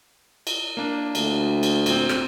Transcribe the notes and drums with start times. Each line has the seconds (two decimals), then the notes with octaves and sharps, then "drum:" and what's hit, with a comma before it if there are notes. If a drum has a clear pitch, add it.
0.47 drum: cymbal
0.77 A#3 D4
1.15 D2, drum: cymbal
1.63 drum: cymbal
1.86 A#2 C4, drum: cymbal
2.09 drum: rim click